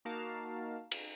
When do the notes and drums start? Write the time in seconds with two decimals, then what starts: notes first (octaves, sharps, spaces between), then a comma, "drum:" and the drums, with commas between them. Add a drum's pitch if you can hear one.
0.05 A#3 D#4 F#4 A#4 F5 A5
0.91 drum: cymbal